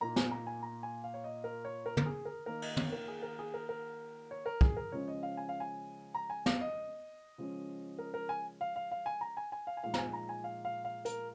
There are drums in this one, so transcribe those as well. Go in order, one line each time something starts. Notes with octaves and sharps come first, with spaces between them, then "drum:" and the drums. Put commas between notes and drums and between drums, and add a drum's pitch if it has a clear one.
A#2 A#3 D#4 A#5
G#5, drum: snare
A#5
G#5
A#5
G#5
F5
C#5
D#5
A#4
C#5
A#4
A#4, drum: tom
G#4
A#4
D#3 A#3 D#4 A#4
D#5, drum: cymbal
C#5, drum: tom
A#4
G#4
A#4
G#4
A#4
A#4
C#5
A#4
G#4, drum: kick
A#4
C#3 F3 G#3 C#4 C#5
D#5
F5
G#5
F5
G#5
A#5
G#5
F5, drum: snare
D#5
C#3 F3 G#3 C#4
A#4
A#4
G#5
F5
F5
F5
G#5
A#5
G#5
G#5
F5
G#5
A#2 F3 G#3 D#4 F5
A#5, drum: snare
G#5
A#5
G#5
F5
F5
F5
A#4, drum: hi-hat